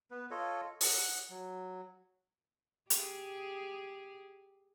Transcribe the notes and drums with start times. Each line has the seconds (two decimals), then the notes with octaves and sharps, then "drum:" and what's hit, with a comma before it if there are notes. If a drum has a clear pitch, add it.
0.11 B3 B4
0.31 F4 A4 C#5 D#5
0.81 F#5, drum: open hi-hat
1.30 F#3
2.90 G4 G#4, drum: hi-hat